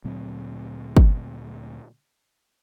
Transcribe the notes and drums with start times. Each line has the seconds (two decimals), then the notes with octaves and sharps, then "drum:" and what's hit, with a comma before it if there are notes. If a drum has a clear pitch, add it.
0.04 D2 A#2 F#3 C4
0.97 drum: kick